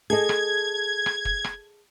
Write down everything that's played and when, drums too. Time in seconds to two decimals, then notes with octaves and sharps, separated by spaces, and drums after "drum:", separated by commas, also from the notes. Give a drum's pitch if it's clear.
0.10 G#4 A4 D#5 G#6
0.29 drum: rim click
1.06 drum: rim click
1.25 drum: kick
1.44 drum: rim click